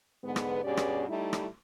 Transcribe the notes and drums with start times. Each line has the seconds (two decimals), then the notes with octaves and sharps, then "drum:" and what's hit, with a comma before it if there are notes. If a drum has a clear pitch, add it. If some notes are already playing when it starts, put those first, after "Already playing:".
0.23 G#2 D3 G#3 B3
0.36 drum: rim click
0.64 G2 B2 C#4 G4 G#4 D5
0.77 drum: rim click
1.09 G3 A3 D#4 E4
1.33 drum: rim click